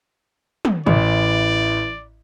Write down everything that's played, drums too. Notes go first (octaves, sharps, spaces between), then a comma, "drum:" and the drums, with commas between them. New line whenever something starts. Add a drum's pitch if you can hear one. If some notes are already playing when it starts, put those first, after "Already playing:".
drum: tom
A1 E3 D5, drum: tom